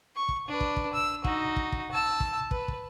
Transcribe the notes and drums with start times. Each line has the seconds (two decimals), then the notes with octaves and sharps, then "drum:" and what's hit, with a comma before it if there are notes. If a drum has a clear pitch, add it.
0.16 C#6
0.29 drum: kick
0.48 D4 B4
0.61 drum: kick
0.77 drum: kick
0.93 E6
1.24 D#4 F#4, drum: kick
1.56 drum: kick
1.72 drum: kick
1.91 A5 E6
2.20 drum: kick
2.51 B4, drum: kick
2.68 drum: kick